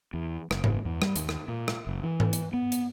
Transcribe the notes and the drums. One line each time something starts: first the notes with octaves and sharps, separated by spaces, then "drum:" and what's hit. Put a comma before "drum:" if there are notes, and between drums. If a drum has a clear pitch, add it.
E2
F#1, drum: rim click
drum: tom G#2
E2
G3, drum: rim click
D#2, drum: hi-hat
drum: rim click
A#2
drum: rim click
F#1
E3
drum: tom G#2
drum: hi-hat
B3
drum: hi-hat